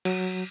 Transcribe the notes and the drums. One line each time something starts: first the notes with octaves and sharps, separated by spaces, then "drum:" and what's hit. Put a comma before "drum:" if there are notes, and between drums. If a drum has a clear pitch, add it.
F#3, drum: cymbal